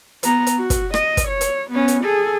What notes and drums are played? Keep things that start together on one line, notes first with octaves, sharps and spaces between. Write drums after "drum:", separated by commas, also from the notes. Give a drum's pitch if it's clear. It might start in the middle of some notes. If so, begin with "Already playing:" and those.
B3 A#5, drum: hi-hat
drum: hi-hat
F#4
drum: kick, hi-hat
D#5, drum: rim click
drum: kick, hi-hat
C#5
drum: hi-hat
B3 C#4
drum: hi-hat
G#4 A4